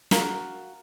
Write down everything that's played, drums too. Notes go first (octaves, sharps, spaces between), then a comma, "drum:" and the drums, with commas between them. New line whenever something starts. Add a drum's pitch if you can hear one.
F#4 A#4 F5 A#5, drum: snare